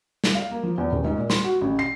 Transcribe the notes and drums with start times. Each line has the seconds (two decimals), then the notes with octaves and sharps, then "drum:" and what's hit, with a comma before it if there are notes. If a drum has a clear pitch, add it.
0.24 drum: snare
0.35 F5
0.51 A#3
0.63 F3
0.78 E2
0.92 D#1
1.04 G#2
1.17 A#2
1.30 C6, drum: snare
1.44 F#4
1.61 A1
1.79 C7